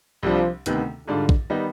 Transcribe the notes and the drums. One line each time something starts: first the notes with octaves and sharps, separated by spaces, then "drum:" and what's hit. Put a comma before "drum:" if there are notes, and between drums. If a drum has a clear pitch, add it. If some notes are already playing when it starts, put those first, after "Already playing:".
C2 C3 F3 G3 D4
D2 C3 D#3 B3, drum: hi-hat
G#2 D3 G3 D4 F4
drum: kick A#1
D#3 G3 B3 D#4